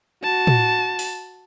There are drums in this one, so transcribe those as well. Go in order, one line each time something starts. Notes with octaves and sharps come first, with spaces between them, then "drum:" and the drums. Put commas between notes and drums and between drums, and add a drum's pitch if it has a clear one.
F#4 A5
drum: tom
drum: open hi-hat